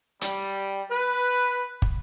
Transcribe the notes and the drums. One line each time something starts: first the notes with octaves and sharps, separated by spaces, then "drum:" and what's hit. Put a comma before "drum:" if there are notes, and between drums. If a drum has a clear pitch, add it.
G3, drum: hi-hat
B4
drum: kick